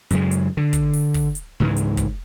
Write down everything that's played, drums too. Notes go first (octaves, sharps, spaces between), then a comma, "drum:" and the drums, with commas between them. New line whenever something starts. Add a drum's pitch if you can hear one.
F#2 C#3 G#3, drum: hi-hat
drum: hi-hat
D3
drum: kick, hi-hat
drum: open hi-hat
drum: kick, open hi-hat
drum: hi-hat
C#2 G#2 E3 G#3
drum: hi-hat
drum: kick, hi-hat